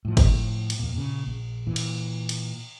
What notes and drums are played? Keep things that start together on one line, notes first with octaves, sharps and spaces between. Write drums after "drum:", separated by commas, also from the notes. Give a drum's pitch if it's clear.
A2 F3
drum: kick, cymbal
drum: cymbal
F2 A#2
A#2 C#3
A#1
A#2 E3
drum: cymbal
drum: cymbal